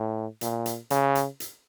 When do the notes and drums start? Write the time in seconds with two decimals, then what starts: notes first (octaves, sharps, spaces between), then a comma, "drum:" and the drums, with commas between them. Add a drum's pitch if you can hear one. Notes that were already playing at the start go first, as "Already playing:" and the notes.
Already playing: A2
0.41 A#2, drum: hi-hat
0.66 drum: hi-hat
0.90 C#3, drum: hi-hat
1.15 drum: hi-hat
1.40 drum: hi-hat